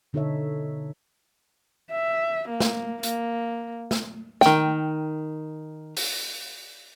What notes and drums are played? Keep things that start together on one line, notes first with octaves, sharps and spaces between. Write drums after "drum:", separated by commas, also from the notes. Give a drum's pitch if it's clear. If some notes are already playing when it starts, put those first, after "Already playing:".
B2 D3 D#4 A4 C#5 E5
E5
A#3
drum: snare
A#3, drum: hi-hat
drum: snare
D#3 G5, drum: snare
drum: open hi-hat